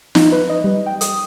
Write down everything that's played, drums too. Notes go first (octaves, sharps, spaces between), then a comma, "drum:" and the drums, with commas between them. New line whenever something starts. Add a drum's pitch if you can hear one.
D#4, drum: snare
B4
D#5
G3
G5
D#6, drum: hi-hat